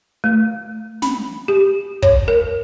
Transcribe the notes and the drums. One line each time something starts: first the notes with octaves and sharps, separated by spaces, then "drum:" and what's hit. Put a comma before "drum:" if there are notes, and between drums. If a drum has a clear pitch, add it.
A3
B5, drum: snare
G4
C#5, drum: kick
A#4